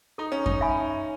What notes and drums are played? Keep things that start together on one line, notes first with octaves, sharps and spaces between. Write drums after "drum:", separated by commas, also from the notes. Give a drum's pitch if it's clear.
D#4 A4
C#4
D#4, drum: kick F#2
E5 G#5 B5